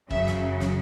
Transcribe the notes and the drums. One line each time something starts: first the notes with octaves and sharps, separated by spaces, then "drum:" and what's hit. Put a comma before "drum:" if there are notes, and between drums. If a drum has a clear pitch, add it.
F#2 C#3 F#3 E5, drum: kick
drum: snare
drum: snare